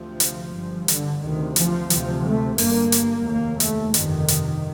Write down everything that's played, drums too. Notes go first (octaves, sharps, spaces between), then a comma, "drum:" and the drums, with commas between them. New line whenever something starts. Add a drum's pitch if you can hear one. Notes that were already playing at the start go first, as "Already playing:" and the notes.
Already playing: D2 C3 F3
drum: hi-hat
G1 G2
D3, drum: hi-hat
D2 C3 D#3
F3, drum: hi-hat
D2 C3 F3, drum: hi-hat
A3
G1 G2 A#3, drum: open hi-hat
drum: hi-hat
F1 D#2 A#3
A3, drum: hi-hat
G1 F2 C3 D#3, drum: hi-hat
drum: hi-hat